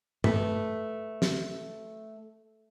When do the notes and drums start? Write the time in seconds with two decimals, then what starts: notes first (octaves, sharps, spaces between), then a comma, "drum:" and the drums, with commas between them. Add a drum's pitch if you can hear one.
0.24 A3 B4, drum: tom
1.22 drum: snare